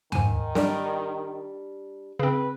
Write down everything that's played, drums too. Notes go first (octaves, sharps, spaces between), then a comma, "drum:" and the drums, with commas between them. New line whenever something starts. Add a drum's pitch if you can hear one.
G#2 D#3 G#5, drum: tom
G3 D4 A#4, drum: snare
C#3 C4 B4